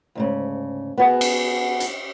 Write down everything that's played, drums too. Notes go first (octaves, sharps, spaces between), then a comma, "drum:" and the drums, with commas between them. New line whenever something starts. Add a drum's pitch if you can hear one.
D2 G#2 C#3
B3 F#4 G#4
drum: cymbal
drum: hi-hat